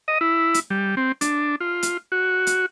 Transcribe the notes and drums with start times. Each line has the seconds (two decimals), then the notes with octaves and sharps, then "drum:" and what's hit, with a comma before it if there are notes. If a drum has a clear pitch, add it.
0.08 D#5
0.21 E4
0.54 drum: hi-hat
0.70 G3
0.97 C4
1.21 D4, drum: hi-hat
1.60 F4
1.83 drum: hi-hat
2.12 F#4
2.47 drum: hi-hat